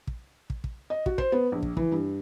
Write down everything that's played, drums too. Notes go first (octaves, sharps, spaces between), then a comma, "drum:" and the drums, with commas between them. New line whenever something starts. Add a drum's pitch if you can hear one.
drum: kick
drum: kick
drum: kick
D#5
F#4, drum: kick
C5, drum: kick
B3
A#1
drum: kick
E3, drum: kick
G2